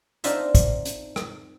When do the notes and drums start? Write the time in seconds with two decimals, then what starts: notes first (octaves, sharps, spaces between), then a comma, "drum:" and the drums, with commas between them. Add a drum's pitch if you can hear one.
0.24 C4 D4 D#4 F4 E5, drum: hi-hat
0.55 drum: kick, hi-hat
0.85 drum: hi-hat
1.16 drum: rim click